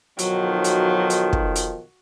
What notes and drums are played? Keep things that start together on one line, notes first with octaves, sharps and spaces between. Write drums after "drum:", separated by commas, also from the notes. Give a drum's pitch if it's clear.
B1 D#3 F3 F#3, drum: hi-hat
drum: hi-hat
drum: hi-hat
drum: kick
drum: hi-hat